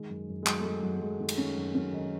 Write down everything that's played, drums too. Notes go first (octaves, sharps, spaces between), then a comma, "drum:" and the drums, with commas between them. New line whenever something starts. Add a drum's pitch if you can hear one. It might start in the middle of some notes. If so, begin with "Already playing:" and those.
Already playing: D#3 G#3
F#2
F#2
G#3
D#3 F#3, drum: clap
A3
D#3 G#3
F#2 F#3
A3
F#2 G#3
D#3 A3
drum: cymbal
D#3 C#4
F#2
F#2 C#4
D#3 D#4